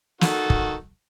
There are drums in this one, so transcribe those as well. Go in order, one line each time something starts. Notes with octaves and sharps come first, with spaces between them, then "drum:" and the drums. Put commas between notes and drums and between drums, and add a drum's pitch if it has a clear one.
D#3 F#4 A4, drum: snare
drum: kick